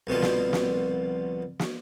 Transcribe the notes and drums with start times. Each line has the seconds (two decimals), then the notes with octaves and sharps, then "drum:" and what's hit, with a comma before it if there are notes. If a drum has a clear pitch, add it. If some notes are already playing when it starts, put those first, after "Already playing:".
0.07 C2 B2 D3 F3
0.22 drum: snare
0.53 drum: snare
1.59 drum: snare